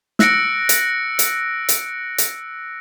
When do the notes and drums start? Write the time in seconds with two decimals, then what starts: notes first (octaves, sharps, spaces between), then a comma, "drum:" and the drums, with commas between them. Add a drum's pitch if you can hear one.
0.19 E6 F#6 A#6 C#7 D7, drum: snare
0.69 drum: hi-hat
1.19 drum: hi-hat
1.69 drum: hi-hat
2.18 drum: hi-hat